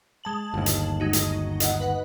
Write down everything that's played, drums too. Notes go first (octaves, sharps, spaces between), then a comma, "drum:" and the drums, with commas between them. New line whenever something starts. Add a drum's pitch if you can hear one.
G#3 A5 F#7
G1 D#2
drum: hi-hat
G#3 D#4 F#4
drum: hi-hat
D#5 F#5, drum: hi-hat
B4 F#5